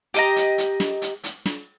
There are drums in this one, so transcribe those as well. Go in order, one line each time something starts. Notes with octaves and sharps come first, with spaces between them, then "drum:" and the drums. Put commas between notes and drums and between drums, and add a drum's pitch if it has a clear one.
G4 D#5 A#5, drum: hi-hat
drum: hi-hat
drum: hi-hat
drum: snare
drum: hi-hat
drum: hi-hat
drum: snare